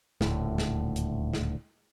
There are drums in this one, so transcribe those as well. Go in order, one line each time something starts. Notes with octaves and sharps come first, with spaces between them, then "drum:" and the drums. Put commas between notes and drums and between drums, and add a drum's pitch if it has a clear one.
D#1 D2 A2, drum: snare
drum: snare
drum: hi-hat
drum: snare